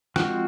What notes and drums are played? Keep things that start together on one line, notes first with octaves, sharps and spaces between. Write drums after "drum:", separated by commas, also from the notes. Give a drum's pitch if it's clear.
F3 G#3 C4 F#4, drum: rim click